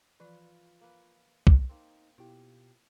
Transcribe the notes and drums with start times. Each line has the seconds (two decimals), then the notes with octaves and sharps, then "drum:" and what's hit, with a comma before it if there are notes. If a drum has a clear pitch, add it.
0.20 E3 F3 F4 B4 D5
0.81 A#3 B4
1.47 drum: kick
1.69 A#3 C4 D#4
2.18 B2 E4 F4 G4